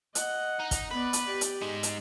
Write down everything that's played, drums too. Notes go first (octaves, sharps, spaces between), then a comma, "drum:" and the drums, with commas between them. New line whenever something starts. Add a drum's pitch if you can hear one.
D#5 F#5, drum: hi-hat
D#4
drum: kick, hi-hat
B3 B4 D5
drum: hi-hat
G4 D5
drum: hi-hat
G#3 D#4
drum: hi-hat